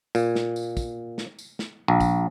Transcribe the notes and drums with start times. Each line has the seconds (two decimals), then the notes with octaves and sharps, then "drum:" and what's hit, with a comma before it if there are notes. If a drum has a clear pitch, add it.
0.15 A#2, drum: tambourine
0.35 drum: snare
0.56 drum: tambourine
0.77 drum: kick, tambourine
1.18 drum: snare
1.39 drum: tambourine
1.59 drum: snare
1.88 A#1
2.00 drum: kick, tambourine